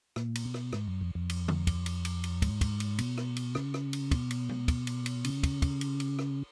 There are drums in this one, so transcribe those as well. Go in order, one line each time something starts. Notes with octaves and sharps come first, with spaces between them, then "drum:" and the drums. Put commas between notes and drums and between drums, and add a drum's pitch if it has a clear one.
A#2, drum: rim click
drum: cymbal
B2
drum: rim click
G#2, drum: rim click
F#2
F2
F2
drum: cymbal
drum: tom D3
drum: kick, cymbal
drum: cymbal
drum: cymbal
drum: cymbal
G#2, drum: kick, cymbal
drum: kick, cymbal
drum: cymbal
B2, drum: cymbal
drum: rim click
drum: cymbal
C#3, drum: rim click
drum: rim click
drum: cymbal
B2, drum: kick, cymbal
drum: cymbal
drum: tom B2
drum: kick, cymbal
drum: cymbal
drum: cymbal
C#3, drum: cymbal
drum: kick, cymbal
drum: kick, cymbal
drum: cymbal
drum: cymbal
drum: rim click